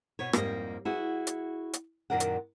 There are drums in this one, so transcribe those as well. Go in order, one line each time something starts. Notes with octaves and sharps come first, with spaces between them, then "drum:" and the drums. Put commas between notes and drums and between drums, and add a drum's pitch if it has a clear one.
B2 B4 C#5
F2 G#2 G3 A#3 D#5, drum: rim click
E4 F#4 G#4 B4
drum: hi-hat
drum: hi-hat
F#2 A#2 D#3 A#4 D5 F#5
drum: hi-hat